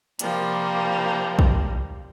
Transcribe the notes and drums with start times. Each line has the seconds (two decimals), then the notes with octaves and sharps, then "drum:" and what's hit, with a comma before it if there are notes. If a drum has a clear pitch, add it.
0.19 C3 F3 G3 A#3, drum: hi-hat
1.39 drum: kick